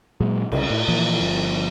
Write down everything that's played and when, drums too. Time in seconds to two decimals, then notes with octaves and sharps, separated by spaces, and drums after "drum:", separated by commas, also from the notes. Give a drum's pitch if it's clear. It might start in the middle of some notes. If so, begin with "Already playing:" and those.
0.21 A#2 F#3 G#3
0.52 C2 C#3, drum: cymbal
0.70 A2
0.88 A#2 E3 F3
1.21 G1 F3